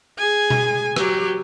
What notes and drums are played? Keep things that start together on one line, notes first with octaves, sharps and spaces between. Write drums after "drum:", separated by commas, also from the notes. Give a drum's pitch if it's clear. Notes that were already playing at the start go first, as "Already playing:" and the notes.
G#4 G#5
drum: tom B2
F#3 G4, drum: rim click